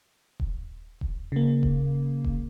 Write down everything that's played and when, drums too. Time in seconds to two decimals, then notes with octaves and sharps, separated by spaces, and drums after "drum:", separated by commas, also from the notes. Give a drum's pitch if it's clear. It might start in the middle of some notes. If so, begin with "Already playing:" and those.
0.40 drum: kick D#1
1.01 drum: kick D#1
1.32 C#3 A#3
1.63 drum: kick D#1
2.24 drum: kick D#1